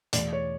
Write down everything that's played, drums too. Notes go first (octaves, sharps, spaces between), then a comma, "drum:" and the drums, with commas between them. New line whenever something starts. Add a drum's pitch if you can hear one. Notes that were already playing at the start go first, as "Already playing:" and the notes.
E2 B2 A3 D5, drum: hi-hat
C#5